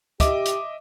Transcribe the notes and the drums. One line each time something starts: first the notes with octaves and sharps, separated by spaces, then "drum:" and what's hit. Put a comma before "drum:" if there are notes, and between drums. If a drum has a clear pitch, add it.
G4 D#5 E5 D6, drum: kick, hi-hat
drum: hi-hat